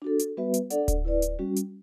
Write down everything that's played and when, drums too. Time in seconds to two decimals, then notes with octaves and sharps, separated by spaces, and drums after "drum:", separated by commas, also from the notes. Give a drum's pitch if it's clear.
0.02 D4 F#4 A4
0.19 drum: hi-hat
0.37 G3 B3 F#4 B4 E5
0.54 drum: hi-hat
0.70 D4 A4 D5 F#5, drum: hi-hat
0.88 drum: kick D1, hi-hat
1.05 E4 B4 D5
1.22 drum: hi-hat
1.39 G3 C#4 F#4
1.56 drum: hi-hat